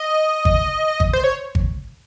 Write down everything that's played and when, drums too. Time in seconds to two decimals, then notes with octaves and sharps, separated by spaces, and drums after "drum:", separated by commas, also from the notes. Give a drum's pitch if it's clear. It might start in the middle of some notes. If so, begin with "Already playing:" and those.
Already playing: D#5
0.45 drum: kick G#1
1.00 drum: kick G#1
1.13 C5
1.24 C#5
1.55 drum: kick G#1